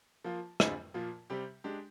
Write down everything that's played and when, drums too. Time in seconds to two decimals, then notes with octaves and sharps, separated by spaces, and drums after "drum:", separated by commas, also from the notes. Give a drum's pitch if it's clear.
0.24 F3 A#3 F4
0.60 D3 G3 C4 F4 G#4, drum: rim click
0.94 A#2 F3 A#3 F4
1.30 C3 G3 C4 G4
1.64 G#3 D4 G4